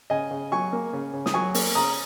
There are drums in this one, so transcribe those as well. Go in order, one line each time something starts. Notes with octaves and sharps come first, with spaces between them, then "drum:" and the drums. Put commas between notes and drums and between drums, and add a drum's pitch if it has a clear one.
C#3 D#5 G#5
C#3
F#3 G#5 C#6
A#3
C#3
C#3
D#6, drum: snare
F#3 G#5 C#6
A#3, drum: open hi-hat
C#3 A#5 D#6